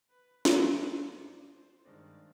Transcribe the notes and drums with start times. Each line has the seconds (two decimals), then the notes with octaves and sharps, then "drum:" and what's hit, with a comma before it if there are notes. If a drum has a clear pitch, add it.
0.10 B4
0.45 G2 D3 F3 C4 C5, drum: snare
0.80 C5
1.15 D5
1.50 C5
1.85 G2 D#3 G#3 C4 D5